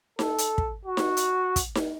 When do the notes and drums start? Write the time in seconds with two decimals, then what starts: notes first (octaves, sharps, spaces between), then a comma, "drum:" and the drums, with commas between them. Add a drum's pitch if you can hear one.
0.19 A4, drum: snare D#4
0.38 drum: hi-hat
0.58 drum: kick
0.85 F#4
0.97 drum: snare D#4
1.17 drum: hi-hat
1.56 drum: kick, hi-hat
1.75 drum: snare D#4